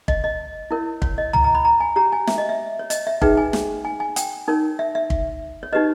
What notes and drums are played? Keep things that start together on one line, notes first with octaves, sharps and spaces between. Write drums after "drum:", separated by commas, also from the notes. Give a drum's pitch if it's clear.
D#5, drum: kick
D#5
E4 A#4 C#5
C#5, drum: kick
D#5
A#5, drum: tom
A#5
B5
A#5
G#5
G4 C#5 A#5
G#5
E5, drum: snare
D#5
E5
C#5
D#5, drum: hi-hat
E5
D#4 G#4 B4 G5, drum: kick
G#5
drum: snare
G#5
G#5
G5, drum: hi-hat
D#4 A#4 C#5
E5
E5
drum: kick
C#5
D#4 G4 B4 D#5